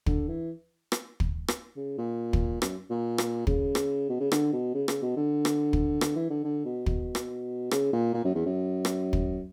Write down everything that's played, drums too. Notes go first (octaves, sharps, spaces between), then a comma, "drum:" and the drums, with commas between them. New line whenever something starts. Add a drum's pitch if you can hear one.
D3, drum: kick
E3
drum: rim click
drum: kick
drum: rim click
C#3
A#2
drum: kick
F#2, drum: rim click
A#2
drum: rim click
C#3, drum: kick
drum: rim click
B2
C#3
D3, drum: rim click
B2
C#3
C#3, drum: rim click
B2
D3
drum: rim click
drum: kick
D3, drum: rim click
E3
D3
D3
B2
B2, drum: kick
drum: rim click
C#3, drum: rim click
A#2
A#2
F#2
E2
F#2
drum: rim click
drum: kick